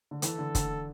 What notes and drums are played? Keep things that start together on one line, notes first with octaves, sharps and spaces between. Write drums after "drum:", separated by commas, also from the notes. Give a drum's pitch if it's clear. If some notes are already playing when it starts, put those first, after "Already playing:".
D3
E3 A4, drum: hi-hat
D3
D3, drum: kick, hi-hat